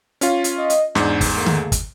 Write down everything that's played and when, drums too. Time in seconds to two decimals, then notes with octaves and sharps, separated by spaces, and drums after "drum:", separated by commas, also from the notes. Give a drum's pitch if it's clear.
0.21 C#4 F4, drum: hi-hat
0.44 drum: hi-hat
0.57 D#5
0.70 drum: hi-hat
0.95 E2 G#2 D4, drum: snare
1.21 drum: kick, open hi-hat
1.33 A3 A#3 G#4
1.46 drum: tom D3
1.72 drum: kick, hi-hat